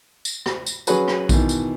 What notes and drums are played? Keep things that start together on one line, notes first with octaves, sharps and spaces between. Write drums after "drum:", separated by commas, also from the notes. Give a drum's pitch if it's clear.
drum: tambourine
drum: rim click
drum: tambourine
F#3 C#4 F#4 G#4 B4 C#5, drum: tambourine
drum: rim click
B2 D#3 E3, drum: kick A#1, tambourine
drum: tambourine